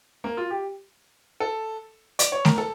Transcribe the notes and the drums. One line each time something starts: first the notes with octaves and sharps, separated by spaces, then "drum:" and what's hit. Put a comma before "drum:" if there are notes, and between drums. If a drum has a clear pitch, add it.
A#3
F4
G4
A4
D5, drum: hi-hat
C#5
A#4, drum: snare A3
A4